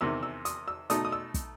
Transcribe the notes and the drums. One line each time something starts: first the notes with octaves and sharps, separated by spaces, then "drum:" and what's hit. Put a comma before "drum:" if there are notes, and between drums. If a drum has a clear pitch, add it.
E2 C3 D#3 E6
E6
D#6, drum: hi-hat
E6
B2 A3 D#4 D#6, drum: hi-hat
D#6
E6
drum: kick, hi-hat